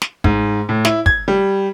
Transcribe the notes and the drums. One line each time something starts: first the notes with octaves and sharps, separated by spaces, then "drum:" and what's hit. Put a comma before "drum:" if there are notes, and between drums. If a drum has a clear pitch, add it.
drum: snare
G#2, drum: kick
A2
E4, drum: snare
G#6, drum: kick
G3